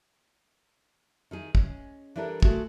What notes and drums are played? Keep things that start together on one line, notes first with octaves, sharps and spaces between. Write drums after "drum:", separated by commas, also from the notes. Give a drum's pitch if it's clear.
D#3 D#4 G#4
G#3 C#4, drum: kick
E3 G3 D4 A4 A#4
G#3 A3 F#4 A4, drum: kick